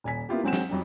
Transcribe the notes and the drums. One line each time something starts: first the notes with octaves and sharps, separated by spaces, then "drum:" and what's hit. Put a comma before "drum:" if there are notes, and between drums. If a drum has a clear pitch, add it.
D#1 G#5 B6
A#3 B3 E4 F4 G4
F#3 G#3 C4 F#5 E7
drum: snare
F2 F#3 G3